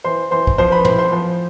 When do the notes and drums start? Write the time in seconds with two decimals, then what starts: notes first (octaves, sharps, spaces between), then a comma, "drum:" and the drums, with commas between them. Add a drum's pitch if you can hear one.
0.04 E3 C5 C6
0.31 E3 C5 C6
0.47 drum: kick
0.58 F3 C5 C6
0.72 B4 B5
0.85 A2 C5 C6, drum: tom
0.99 C5 C6
1.12 F3